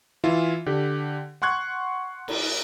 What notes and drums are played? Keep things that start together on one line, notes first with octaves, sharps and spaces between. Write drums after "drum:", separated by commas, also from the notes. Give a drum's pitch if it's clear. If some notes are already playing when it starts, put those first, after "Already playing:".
E3 E4 F4 E5
D3 G4
F#5 C6 C#6 F#6 G#6
drum: cymbal